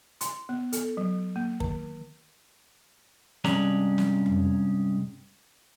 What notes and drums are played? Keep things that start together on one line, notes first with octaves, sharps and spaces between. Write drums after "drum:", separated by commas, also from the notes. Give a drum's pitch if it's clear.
C6, drum: hi-hat
B3
A4, drum: hi-hat
F#3
A#3
D#3, drum: kick
G2 C3 G#3 C#4 D5 A#5, drum: snare
drum: snare
drum: tom F2